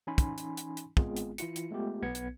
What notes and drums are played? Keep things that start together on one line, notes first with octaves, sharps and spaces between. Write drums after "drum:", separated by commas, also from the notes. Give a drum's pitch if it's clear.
E3 C#4 D#4 G#5 B5 C6
drum: kick, hi-hat
drum: hi-hat
drum: hi-hat
drum: hi-hat
G#1 G#3 B3 C4 F4 G#4, drum: kick
drum: hi-hat
E3 E4 F4 C#7, drum: hi-hat
drum: hi-hat
G#3 A3 B3 F4 G4
B1 B3 B4 G#6 C#7
drum: hi-hat